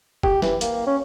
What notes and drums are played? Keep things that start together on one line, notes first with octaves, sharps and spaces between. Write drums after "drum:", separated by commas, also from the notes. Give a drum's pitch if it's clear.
G4, drum: kick F1
E3, drum: snare
A#3, drum: hi-hat
C#4